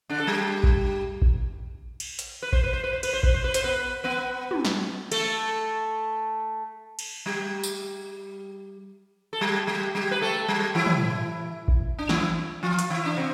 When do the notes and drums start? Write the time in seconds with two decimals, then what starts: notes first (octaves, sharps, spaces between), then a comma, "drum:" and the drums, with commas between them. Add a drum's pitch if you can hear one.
0.09 D3 D4
0.20 A4
0.27 G3 G4
0.64 drum: kick A1
1.22 drum: kick A1
2.00 drum: cymbal
2.19 drum: hi-hat
2.42 B4
2.53 C5, drum: kick A1
2.63 B4
2.73 C5
2.84 B4
2.93 C5
3.03 B4, drum: cymbal
3.13 C5
3.23 B4, drum: kick A1
3.34 C5
3.44 B4
3.54 C5, drum: hi-hat
3.64 B3 B4
4.04 B3 B4
4.51 drum: tom
4.65 drum: snare
5.12 A3 A4, drum: cymbal
6.99 drum: cymbal
7.26 G3 G4
7.64 drum: tambourine
9.33 A4
9.41 G3 G4
9.67 G3 G4
9.95 G3 G4
10.11 B4
10.21 A3 A4
10.48 G3 G4
10.75 E3 E4
10.86 drum: tom
11.68 drum: kick A1
11.99 D4
12.09 E3 E4, drum: snare
12.63 F3 F4
12.79 drum: hi-hat
12.90 E3 E4
13.05 D4
13.17 C3 C4